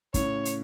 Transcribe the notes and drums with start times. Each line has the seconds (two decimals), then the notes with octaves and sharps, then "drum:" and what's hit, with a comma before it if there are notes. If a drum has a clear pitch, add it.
0.14 A2 C#3 C#5, drum: kick, hi-hat
0.45 drum: hi-hat